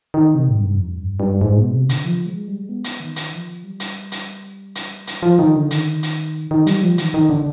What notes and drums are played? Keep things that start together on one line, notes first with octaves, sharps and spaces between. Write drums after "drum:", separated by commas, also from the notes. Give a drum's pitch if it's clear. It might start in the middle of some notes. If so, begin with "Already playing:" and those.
D#3
C3
G#2
G2
F2
G2
G2
G#2
B2
C3
D3, drum: hi-hat
F3
G#3
G3
G#3
B3
drum: hi-hat
D#3
drum: hi-hat
F3
G3
drum: hi-hat
drum: hi-hat
drum: hi-hat
drum: hi-hat
F3
D#3
D3
D#3, drum: hi-hat
drum: hi-hat
D#3
G3, drum: hi-hat
F3
D#3, drum: hi-hat
D#3
D3